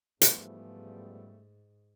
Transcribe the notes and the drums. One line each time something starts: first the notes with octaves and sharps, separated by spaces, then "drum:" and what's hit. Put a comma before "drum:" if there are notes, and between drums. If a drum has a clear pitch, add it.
G#2 C#3 E3 F3 G3 A3 B3, drum: hi-hat